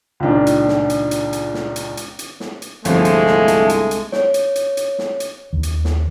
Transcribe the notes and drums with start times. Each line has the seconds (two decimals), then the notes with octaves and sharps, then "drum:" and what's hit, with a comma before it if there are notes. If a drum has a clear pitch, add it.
0.20 C#2 A#2 D#3 D4
0.47 drum: hi-hat
0.68 drum: snare
0.90 drum: hi-hat
1.11 drum: hi-hat
1.33 drum: hi-hat
1.54 drum: snare
1.76 drum: hi-hat
1.97 drum: hi-hat
2.19 drum: hi-hat
2.40 drum: snare
2.62 drum: hi-hat
2.85 G1 C2 F3 G#3 A3 C4, drum: hi-hat
3.05 drum: hi-hat
3.26 drum: snare
3.48 drum: hi-hat
3.69 drum: hi-hat
3.91 drum: hi-hat
4.12 C#5, drum: snare
4.34 drum: hi-hat
4.56 drum: hi-hat
4.77 drum: hi-hat
4.99 drum: snare
5.20 drum: hi-hat
5.53 D#2
5.63 drum: hi-hat
5.85 drum: snare